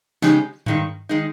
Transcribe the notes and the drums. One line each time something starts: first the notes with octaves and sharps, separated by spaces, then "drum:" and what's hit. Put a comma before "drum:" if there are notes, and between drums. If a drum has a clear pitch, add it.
C#3 G#3 D#4 G4, drum: snare
G2 D#3 G#3 D#4, drum: tom G#2
D#3 G#3 D#4